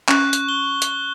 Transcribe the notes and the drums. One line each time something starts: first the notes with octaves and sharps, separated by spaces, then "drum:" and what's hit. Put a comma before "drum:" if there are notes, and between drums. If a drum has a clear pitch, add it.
C#4 C#6 F#6, drum: clap
drum: hi-hat
G7
drum: hi-hat